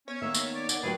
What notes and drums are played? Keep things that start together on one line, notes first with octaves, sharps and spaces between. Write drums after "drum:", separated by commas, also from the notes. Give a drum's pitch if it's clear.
B3 C#4 C#5
D#3 A#3 E5
drum: tambourine
D5
D5 F#5 G#6, drum: tambourine
D2 F#3 G4 G#4 A#4 B4